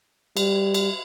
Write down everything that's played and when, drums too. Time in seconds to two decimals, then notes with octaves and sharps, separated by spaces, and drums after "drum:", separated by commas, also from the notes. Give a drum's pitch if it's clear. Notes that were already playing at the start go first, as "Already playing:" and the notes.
0.37 G3, drum: cymbal
0.74 drum: cymbal